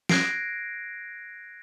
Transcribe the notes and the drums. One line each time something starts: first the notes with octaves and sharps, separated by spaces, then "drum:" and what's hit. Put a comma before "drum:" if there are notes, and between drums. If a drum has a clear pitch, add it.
F#6 G#6 A#6 C7 D7, drum: snare